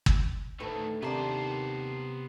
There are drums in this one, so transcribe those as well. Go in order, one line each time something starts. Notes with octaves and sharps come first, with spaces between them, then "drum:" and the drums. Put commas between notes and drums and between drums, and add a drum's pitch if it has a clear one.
drum: kick
D2 A2 D#3 A3 B4
D#2 C3 D#3 A#3 B3 C5 D5 A5